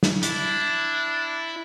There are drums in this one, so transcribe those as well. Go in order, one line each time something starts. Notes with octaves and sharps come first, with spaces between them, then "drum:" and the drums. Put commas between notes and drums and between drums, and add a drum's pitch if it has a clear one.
drum: snare
D4 E4, drum: hi-hat